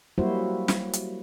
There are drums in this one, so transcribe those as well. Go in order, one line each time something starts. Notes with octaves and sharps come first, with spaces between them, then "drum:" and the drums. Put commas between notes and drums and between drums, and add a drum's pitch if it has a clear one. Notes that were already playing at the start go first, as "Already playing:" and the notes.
F#3 G3 A#3 E4 F#4 C5
drum: snare
drum: hi-hat